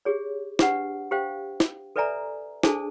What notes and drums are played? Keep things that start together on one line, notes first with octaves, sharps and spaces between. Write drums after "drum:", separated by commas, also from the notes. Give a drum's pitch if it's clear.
G4 G#4 C#5
D4 G4 B4 F#5, drum: snare
G4 C5 F5 G5
drum: snare
A4 B4 D5 E5 G#5 A#5
D4 G#4 A4 C5 G#5 A5, drum: snare